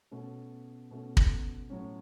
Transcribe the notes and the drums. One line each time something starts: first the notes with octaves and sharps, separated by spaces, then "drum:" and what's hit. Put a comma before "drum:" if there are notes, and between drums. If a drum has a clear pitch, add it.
B2 A3 C#4
B2 A3 C#4
drum: kick
A2 F#3 C#4